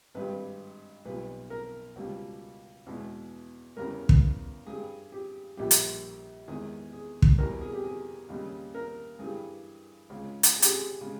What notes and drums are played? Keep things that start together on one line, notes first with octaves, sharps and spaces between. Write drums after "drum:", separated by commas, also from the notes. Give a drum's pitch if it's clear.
G#1 G2 G3 B4
B1 A#2 G3 B4
A#4
C#2 B2 G3
E2 B2 G#3
E2 C#3 G3 A#4
drum: kick
G2 G3 G#4
G4
A#1 A#2 G3 G4
drum: hi-hat
E2 D#3 G#3 G#4
G#4
drum: kick
E2 B2 G3 A#4
G#4
G4
G#4
D#2 C#3 G3
A#4
G2 E3 G3 G#4
C#2 C#3 G#3
drum: hi-hat
G#4
G4, drum: hi-hat
G#4
C#3 G#3